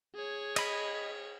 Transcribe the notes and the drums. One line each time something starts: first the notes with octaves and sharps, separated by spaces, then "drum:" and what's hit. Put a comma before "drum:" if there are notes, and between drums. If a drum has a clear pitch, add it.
G#4 C#5
D#5 B5, drum: cymbal